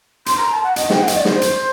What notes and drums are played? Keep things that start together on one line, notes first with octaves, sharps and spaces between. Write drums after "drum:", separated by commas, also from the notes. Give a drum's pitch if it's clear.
C6, drum: hi-hat
A#5
A5
F#5
D#5, drum: hi-hat
G5, drum: snare
F#5
D#5, drum: hi-hat
D5
C5, drum: snare
drum: hi-hat